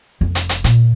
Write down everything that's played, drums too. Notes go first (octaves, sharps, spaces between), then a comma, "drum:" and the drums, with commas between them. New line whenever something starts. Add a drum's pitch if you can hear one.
F1
drum: hi-hat
drum: hi-hat
A#2, drum: hi-hat